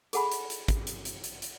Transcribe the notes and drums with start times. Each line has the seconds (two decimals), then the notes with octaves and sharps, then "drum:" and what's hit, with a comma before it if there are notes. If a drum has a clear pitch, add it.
0.13 G#4 A4 F#5 G#5 B5, drum: hi-hat
0.32 drum: hi-hat
0.50 drum: hi-hat
0.68 drum: kick, hi-hat
0.87 drum: hi-hat
1.05 drum: hi-hat
1.24 drum: hi-hat
1.42 drum: hi-hat